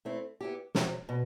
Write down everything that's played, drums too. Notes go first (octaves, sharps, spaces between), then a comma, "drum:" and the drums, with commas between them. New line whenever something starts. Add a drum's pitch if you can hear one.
A3 C4 E4
B3 E4 G4
C3 D#3 F#3 C4 F#4, drum: snare
B2